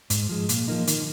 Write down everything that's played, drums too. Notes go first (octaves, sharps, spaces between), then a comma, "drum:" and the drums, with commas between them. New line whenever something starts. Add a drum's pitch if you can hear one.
G#2, drum: hi-hat
F3 G#3
A#2, drum: hi-hat
F3 A#3 D#4
D#3, drum: hi-hat